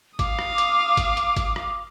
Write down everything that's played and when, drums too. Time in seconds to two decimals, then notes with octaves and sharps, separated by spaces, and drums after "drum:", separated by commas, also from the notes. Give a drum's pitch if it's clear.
0.19 F5 D6 D#6, drum: kick G#1, hi-hat
0.39 drum: rim click
0.58 drum: hi-hat
0.97 drum: kick G#1, hi-hat
1.17 drum: hi-hat
1.36 drum: kick G#1, hi-hat
1.56 drum: rim click